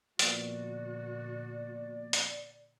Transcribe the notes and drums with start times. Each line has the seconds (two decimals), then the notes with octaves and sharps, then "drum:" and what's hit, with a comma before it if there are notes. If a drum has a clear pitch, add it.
0.19 A#2 D3 F3 A#3 B3 F#4 D5, drum: hi-hat
2.13 drum: hi-hat